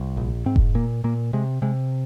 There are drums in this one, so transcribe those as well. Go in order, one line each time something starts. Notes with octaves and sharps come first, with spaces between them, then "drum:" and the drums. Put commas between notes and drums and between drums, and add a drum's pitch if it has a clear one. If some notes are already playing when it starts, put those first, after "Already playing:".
Already playing: C2
A#1
G#2 C4
drum: kick F1
A#2 A#3
A#2 A#3
C3 G#3
C3 G#3